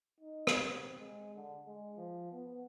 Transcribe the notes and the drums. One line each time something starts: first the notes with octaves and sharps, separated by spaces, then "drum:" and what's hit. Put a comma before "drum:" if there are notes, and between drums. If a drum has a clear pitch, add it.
D#4
drum: rim click
C4
G#3
D3
G#3
F3
B3